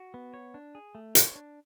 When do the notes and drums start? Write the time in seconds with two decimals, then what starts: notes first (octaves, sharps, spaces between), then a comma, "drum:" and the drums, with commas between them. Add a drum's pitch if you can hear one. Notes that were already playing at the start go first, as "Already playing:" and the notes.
Already playing: F#4
0.14 B3
0.34 C#5
0.54 D4
0.75 G#4
0.95 A3
1.15 C#5, drum: hi-hat
1.36 D4